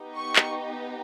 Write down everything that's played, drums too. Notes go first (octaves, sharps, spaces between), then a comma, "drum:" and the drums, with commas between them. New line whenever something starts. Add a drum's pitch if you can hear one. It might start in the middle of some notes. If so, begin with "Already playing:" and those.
Already playing: B3 D#4 G4
C#6
drum: clap